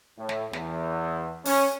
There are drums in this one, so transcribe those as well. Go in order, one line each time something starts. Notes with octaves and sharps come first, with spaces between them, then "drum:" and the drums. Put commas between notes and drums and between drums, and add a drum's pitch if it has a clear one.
A2
drum: snare
E2, drum: snare
C#4, drum: open hi-hat